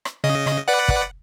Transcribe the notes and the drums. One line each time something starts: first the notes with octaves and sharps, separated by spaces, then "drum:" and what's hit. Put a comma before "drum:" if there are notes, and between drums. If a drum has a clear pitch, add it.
drum: rim click
C#3 D#5
drum: rim click
B4 D5 F#5
drum: kick